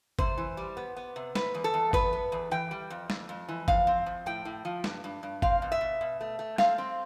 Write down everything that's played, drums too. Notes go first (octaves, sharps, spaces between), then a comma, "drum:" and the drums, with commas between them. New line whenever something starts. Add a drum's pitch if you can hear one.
C3 C5, drum: kick
E3
G3
B3
B3
C3
C3 B4, drum: snare
E2
A4
E2
B3 B4, drum: kick
B3
E2
E3 G5
G3
F2
F2, drum: snare
F2
E3
F3 F5, drum: kick
C4
F3
A2 G5
A2
F3
G2, drum: snare
G2
G2
C4 F5, drum: kick
B2
E5
B2
B2
A3
A3
C4 F5, drum: snare
C4